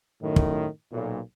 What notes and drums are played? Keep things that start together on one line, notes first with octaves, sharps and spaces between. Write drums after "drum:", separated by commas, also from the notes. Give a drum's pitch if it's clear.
F#2 A2 D#3
drum: kick
B1 A#2